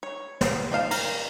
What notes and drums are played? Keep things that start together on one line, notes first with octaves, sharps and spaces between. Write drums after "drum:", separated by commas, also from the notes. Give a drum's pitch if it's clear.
C#5
drum: snare
F3 D#4 F5 A5
A#5, drum: cymbal